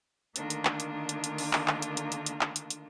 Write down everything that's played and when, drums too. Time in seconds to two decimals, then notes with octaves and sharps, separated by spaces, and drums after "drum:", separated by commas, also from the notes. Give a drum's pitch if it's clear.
0.36 D3 D#3 A3 A#3 D4 F4, drum: hi-hat
0.50 drum: hi-hat
0.65 drum: clap
0.80 drum: hi-hat
1.09 drum: hi-hat
1.24 drum: hi-hat
1.38 drum: open hi-hat
1.53 drum: clap
1.68 drum: clap
1.82 drum: hi-hat
1.97 drum: hi-hat
2.12 drum: hi-hat
2.26 drum: hi-hat
2.41 drum: clap
2.56 drum: hi-hat
2.70 drum: hi-hat